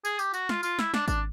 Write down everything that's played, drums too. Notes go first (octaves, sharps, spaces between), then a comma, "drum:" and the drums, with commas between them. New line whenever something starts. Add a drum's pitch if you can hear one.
G#4, drum: tambourine
G4, drum: tambourine
F#4, drum: tambourine
F4, drum: snare
F4, drum: tambourine
E4, drum: snare
D4, drum: snare
D4, drum: kick G#1, tambourine